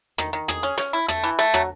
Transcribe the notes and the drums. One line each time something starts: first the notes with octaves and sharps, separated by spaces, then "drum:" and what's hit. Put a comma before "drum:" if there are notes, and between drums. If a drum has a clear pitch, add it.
D#3, drum: rim click
D#3
G#4, drum: rim click
C#4
C#4, drum: hi-hat
E4
A3, drum: rim click
E3
A3, drum: hi-hat
F#3, drum: rim click